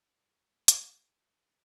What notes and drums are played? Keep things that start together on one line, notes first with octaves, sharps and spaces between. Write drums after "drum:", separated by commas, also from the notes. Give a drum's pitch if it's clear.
G2
G#2
A2
A2
A#2, drum: hi-hat
G#2